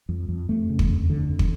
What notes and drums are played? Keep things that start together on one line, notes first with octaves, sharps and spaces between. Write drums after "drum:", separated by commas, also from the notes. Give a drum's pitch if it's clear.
F2
F2
F2 A3
C#3
drum: kick
F2
D3
F2
drum: kick